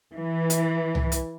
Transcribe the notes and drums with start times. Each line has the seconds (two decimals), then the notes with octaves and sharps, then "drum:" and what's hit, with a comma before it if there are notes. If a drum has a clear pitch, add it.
0.15 E3
0.50 drum: hi-hat
0.95 drum: tom C2
1.12 drum: hi-hat